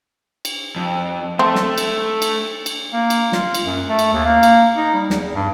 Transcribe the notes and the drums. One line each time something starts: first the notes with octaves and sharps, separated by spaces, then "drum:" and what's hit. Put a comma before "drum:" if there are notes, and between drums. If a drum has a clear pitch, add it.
drum: cymbal
F2
A3 C4 A4
drum: snare
drum: cymbal
drum: cymbal
drum: cymbal
A#3
drum: cymbal
F4, drum: snare
drum: cymbal
F#2
A3
drum: cymbal
D#2
A#3
drum: cymbal
D#4
G3
E2, drum: snare
G2